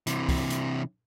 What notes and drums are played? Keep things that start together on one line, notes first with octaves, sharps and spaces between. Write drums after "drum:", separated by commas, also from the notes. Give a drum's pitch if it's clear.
C3 E3, drum: hi-hat
drum: kick C2, open hi-hat
drum: hi-hat